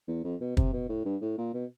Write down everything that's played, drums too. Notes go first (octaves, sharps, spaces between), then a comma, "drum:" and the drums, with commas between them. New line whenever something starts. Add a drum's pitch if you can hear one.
E2
F2
B2
C3, drum: kick
B2
A2
G2
A2
A#2
B2